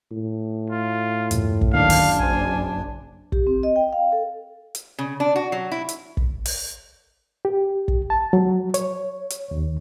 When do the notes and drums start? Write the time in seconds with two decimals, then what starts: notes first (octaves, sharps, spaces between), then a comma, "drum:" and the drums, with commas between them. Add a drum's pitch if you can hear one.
0.12 A2
0.70 F4
1.31 E2 G2 A#2, drum: hi-hat
1.61 drum: kick
1.73 F#1 D2 D#3 A#3 D4 F5
1.90 drum: open hi-hat
2.20 A#1 C5 G#5
3.32 G4, drum: kick
3.47 C4
3.63 D#5
3.76 G5
3.93 F5
4.12 A4
4.75 drum: hi-hat
4.99 C#3
5.20 D4
5.36 F#4
5.52 F#3
5.72 E4
5.89 drum: hi-hat
6.17 drum: kick
6.46 drum: open hi-hat
7.45 G4
7.88 drum: kick
8.10 A5
8.33 F#3
8.74 C#5, drum: hi-hat
9.30 drum: hi-hat
9.51 D#2